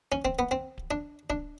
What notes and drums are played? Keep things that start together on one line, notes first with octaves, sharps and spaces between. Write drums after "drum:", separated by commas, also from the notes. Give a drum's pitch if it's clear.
C#4
C4, drum: kick D1
B3
C4
drum: kick D1
D4
D4, drum: kick D1